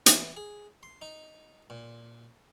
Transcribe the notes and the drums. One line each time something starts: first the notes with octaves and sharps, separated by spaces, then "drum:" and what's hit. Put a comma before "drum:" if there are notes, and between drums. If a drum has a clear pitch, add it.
E3, drum: hi-hat
G#4
C6
D#4
A#2